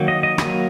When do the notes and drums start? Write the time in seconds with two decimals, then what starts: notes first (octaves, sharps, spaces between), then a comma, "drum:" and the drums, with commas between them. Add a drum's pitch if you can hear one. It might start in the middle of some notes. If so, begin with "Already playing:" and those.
Already playing: D#3 F#3 A#3
0.08 D#5
0.23 D#5
0.38 F#3 A#3, drum: rim click